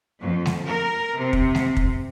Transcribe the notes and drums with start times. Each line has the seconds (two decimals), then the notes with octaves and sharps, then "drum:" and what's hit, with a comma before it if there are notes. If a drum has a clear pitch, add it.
0.21 F2
0.46 drum: snare G#3
0.67 A#4
1.17 C3
1.33 drum: kick
1.55 drum: snare G#3
1.77 drum: kick